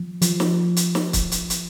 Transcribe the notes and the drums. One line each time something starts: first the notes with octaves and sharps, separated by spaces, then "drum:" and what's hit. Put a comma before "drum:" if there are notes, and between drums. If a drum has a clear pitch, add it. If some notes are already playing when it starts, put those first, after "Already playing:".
Already playing: F3
F3, drum: hi-hat
drum: snare
drum: hi-hat
drum: snare
drum: kick, hi-hat
drum: hi-hat
drum: hi-hat